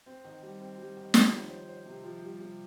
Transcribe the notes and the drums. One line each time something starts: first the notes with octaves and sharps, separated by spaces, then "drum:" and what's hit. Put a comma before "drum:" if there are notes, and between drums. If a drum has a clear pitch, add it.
C4
D#3
G3
C4
G3
D#3
F3, drum: snare
C5
C5
C5
C3
F3
G3
C3